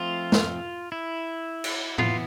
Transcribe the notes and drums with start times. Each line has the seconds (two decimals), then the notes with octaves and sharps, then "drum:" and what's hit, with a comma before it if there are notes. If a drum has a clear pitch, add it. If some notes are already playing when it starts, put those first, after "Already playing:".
Already playing: F3 A3 C4 F4
0.32 drum: snare
0.92 E4
1.64 drum: cymbal
1.98 E3 B3 F4, drum: tom A2